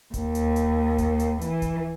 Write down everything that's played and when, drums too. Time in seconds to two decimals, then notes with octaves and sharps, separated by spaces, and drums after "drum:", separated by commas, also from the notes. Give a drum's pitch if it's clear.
0.14 D#2, drum: kick D1, hi-hat
0.35 drum: hi-hat
0.56 drum: hi-hat
0.98 drum: kick D1, hi-hat
1.20 drum: hi-hat
1.41 E3, drum: hi-hat
1.62 drum: kick D1, hi-hat